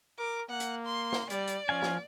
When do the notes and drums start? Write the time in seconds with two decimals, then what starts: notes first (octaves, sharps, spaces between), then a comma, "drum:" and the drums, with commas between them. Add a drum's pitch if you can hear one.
0.19 A#4 D6
0.50 A#3 F#5
0.60 drum: hi-hat
0.86 C6
1.13 drum: snare
1.30 G3 D5, drum: hi-hat
1.48 drum: hi-hat
1.69 F3 C#4 F5 G#5
1.83 drum: snare